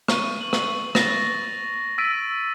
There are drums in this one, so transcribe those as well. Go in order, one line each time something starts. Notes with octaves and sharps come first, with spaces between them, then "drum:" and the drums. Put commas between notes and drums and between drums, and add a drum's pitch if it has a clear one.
C#6 D#7, drum: rim click
F#7
drum: rim click
A6 A#6 F7, drum: rim click
E6 A6 B6 D7 D#7